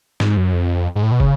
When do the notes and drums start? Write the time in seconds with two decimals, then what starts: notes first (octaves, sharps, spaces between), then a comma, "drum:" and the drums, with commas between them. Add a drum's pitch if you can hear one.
0.20 G#2, drum: snare
0.37 F#2
0.53 F2
0.96 G#2
1.03 A2
1.12 B2
1.20 C#3, drum: kick